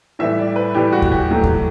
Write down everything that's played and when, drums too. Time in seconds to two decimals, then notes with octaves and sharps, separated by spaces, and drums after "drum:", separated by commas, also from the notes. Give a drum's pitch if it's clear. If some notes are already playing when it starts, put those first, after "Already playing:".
0.19 A2 E3 G3 E5
0.38 D5
0.56 B4
0.75 A2 E3 G3 G4
0.92 F#4
1.02 drum: kick D#2
1.12 G4
1.30 A2 F#3 A3
1.43 drum: kick D#2